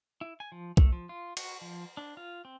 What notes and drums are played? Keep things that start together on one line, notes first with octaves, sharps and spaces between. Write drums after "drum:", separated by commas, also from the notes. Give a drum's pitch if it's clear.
E4
G#5
F3
A3, drum: kick B1
F3
F4
F#4, drum: cymbal
F3
D4
F4
C4